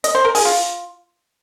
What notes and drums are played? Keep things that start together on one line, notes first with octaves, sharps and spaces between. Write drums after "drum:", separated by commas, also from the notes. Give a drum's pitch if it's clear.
D#5, drum: hi-hat
C5
A#4
G#4, drum: open hi-hat
F4